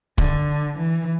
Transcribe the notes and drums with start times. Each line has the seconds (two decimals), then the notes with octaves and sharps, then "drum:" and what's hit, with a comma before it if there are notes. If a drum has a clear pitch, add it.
0.18 D3, drum: kick
0.79 E3